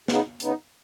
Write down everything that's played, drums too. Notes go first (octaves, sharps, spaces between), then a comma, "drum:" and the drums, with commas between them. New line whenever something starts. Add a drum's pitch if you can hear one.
C#3 B3 D#4, drum: snare
C#3 B3 D#4, drum: hi-hat